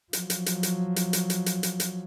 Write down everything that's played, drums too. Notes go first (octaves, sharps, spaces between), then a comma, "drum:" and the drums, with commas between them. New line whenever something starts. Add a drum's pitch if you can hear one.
F3 F#3, drum: hi-hat
drum: hi-hat
drum: hi-hat
drum: hi-hat
drum: hi-hat
drum: hi-hat
drum: hi-hat
drum: hi-hat
drum: hi-hat
drum: hi-hat